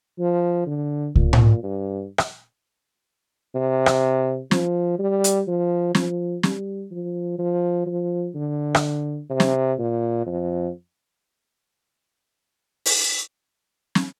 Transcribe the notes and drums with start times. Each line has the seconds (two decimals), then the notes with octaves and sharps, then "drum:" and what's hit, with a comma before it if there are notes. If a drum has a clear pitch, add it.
0.19 F3
0.67 D3
1.15 A#2, drum: kick C#2
1.33 drum: tom A2
1.63 G2
2.18 drum: rim click
3.55 C3
3.86 drum: rim click
4.51 F3, drum: snare
4.99 G3
5.24 drum: hi-hat
5.48 F3
5.95 F3, drum: snare
6.43 G3, drum: snare
6.91 F3
7.39 F3
7.86 F3
8.35 D3
8.75 drum: rim click
9.30 C3
9.40 drum: snare
9.79 A#2
10.27 F2
12.85 drum: open hi-hat
13.95 drum: snare